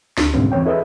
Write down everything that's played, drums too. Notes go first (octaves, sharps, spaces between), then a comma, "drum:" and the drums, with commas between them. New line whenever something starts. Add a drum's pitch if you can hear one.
D2, drum: snare
G#2 B2 D3 G3 C4 C#4
E2 E3 C4 C#5 G5
E4 G#4 A4 B4 D#5 E5